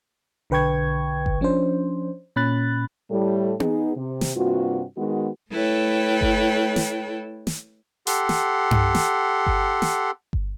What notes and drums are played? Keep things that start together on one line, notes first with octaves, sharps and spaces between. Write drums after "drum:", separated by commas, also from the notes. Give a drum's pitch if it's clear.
B1 D3 B4 G5 C#6 G#6
drum: kick G1
F3 C#4 D4 C5
A#2 C#4 B5 F#6 A6
A2 G3 A4
B3 D#4 G#4, drum: tom B3
C3
drum: snare
G2 C3 A#3 F4 F#4
D#3 G#3 B3 F#4
A3 E4 A4 B4 C#5 G5
drum: kick G1
drum: snare
drum: snare
G4 A4 F#5 C6, drum: hi-hat
drum: snare
drum: tom G2
drum: snare
drum: kick G1
drum: snare
drum: kick G1